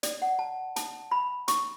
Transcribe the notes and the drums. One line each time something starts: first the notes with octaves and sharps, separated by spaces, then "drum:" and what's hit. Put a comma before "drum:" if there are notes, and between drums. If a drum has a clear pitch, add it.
D5, drum: hi-hat
F#5
A5
A5, drum: hi-hat
B5
C#6, drum: hi-hat